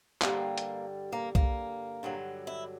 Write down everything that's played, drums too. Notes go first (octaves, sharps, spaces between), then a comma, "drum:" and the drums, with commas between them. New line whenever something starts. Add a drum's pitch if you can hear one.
G2 D3 G3 A#3, drum: clap
drum: hi-hat
A#3
A#3, drum: kick
G2 D3 F#3
E4